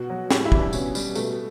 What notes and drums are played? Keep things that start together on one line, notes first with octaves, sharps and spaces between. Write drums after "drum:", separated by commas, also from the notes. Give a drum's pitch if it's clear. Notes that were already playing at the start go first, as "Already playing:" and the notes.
Already playing: B2 F#4
F#3
A2 G4, drum: snare
E4
E3 G3, drum: kick
D4
B2 C#4, drum: tambourine
G3, drum: tambourine
B2 A3, drum: tambourine